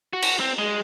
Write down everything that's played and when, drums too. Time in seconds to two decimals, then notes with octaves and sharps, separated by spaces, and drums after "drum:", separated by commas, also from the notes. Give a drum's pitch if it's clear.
0.13 F#4
0.22 drum: cymbal
0.40 C4
0.59 G#3